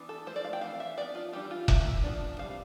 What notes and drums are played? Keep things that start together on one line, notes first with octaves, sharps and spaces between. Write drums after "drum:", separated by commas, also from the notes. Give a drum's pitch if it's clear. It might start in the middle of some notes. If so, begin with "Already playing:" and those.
Already playing: E3 B3 D4
A4
F3 A3 C5
D5
F5
G5
E3 A3 C4 F5
E5
F3 B3 D4 D5
F4
E3 G3 D4 G4
F4
E3 A3 C4 E5, drum: kick F1
F3 B3 D4
G3 C4 F5